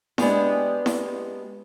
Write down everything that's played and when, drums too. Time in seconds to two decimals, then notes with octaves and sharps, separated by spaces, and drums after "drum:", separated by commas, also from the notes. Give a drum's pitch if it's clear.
0.18 G#3 B3 D4 G4 G#4, drum: snare E4
0.86 drum: snare E4